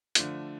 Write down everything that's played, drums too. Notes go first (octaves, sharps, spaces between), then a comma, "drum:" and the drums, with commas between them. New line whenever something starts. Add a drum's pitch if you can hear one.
D3 F3 A3 D4 F4, drum: hi-hat